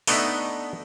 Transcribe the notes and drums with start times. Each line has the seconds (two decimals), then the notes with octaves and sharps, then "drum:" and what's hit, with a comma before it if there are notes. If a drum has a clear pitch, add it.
0.07 A3 B3 D4 D#4 D#5 E5, drum: open hi-hat